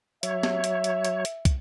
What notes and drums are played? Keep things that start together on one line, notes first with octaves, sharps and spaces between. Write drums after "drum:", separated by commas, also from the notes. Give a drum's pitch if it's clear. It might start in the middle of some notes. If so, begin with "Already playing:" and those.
F#3 C#5 E5, drum: hi-hat
drum: snare
drum: hi-hat
drum: hi-hat
drum: hi-hat
drum: hi-hat
drum: kick, hi-hat